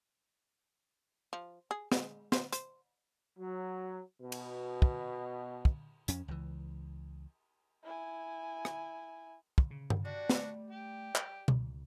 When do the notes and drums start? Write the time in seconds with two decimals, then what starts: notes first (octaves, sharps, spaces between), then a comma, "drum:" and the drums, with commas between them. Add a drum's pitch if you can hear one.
1.33 F3
1.71 G#4
1.92 G#3, drum: snare
2.32 C5, drum: snare
2.53 C5, drum: hi-hat
3.39 F#3
4.22 B2
4.32 drum: cymbal
4.82 drum: kick
5.65 drum: kick
6.08 F2 C#4, drum: hi-hat
6.28 C#2 E3
7.83 E4 G#5
8.65 drum: rim click
9.58 drum: kick
9.71 C#3
9.90 drum: tom G2
10.05 G3 D4 F#4
10.29 A3, drum: snare
10.70 G4
11.15 drum: clap
11.48 C#2, drum: tom B2